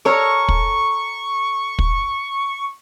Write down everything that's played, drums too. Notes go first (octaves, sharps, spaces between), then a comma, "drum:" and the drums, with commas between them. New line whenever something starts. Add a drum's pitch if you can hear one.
A4 A#4 C#5 C#6
drum: kick
drum: kick